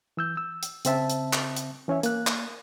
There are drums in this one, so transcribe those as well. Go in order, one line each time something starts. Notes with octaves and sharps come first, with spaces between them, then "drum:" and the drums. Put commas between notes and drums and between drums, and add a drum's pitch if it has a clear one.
E3 E6 G6
E6
drum: hi-hat
C#3 C4 E5 A5, drum: hi-hat
drum: hi-hat
drum: clap
drum: hi-hat
E3 C#4 C#5 E5
A#3 F#6, drum: hi-hat
drum: clap